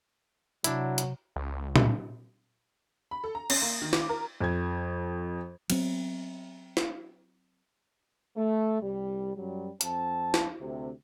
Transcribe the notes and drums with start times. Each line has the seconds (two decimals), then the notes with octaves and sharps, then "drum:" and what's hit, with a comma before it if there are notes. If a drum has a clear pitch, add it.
0.64 C3 F#3 D4 E4, drum: hi-hat
0.98 drum: hi-hat
1.36 C#2
1.76 drum: tom A#2
3.11 B5
3.24 A4
3.35 A#5
3.50 C#4, drum: cymbal
3.62 A#3
3.82 D#3
3.93 D6, drum: snare
4.09 A#4
4.41 F2 G#6
5.70 F#3 B3 C4, drum: cymbal
6.77 drum: snare
8.36 A3
8.81 C2 G3
9.36 F#2 F#3 G3
9.81 F2 C4 A5, drum: hi-hat
10.34 drum: snare
10.60 D2 C3